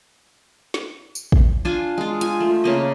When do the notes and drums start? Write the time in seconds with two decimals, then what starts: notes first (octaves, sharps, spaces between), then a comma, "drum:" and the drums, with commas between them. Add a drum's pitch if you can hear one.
0.74 drum: snare
1.15 drum: tambourine
1.32 drum: kick
1.65 D4 F4 G#5
1.98 G#3 F4
2.21 F4 G#5, drum: hi-hat
2.40 A3
2.64 C#3 A#3 D#5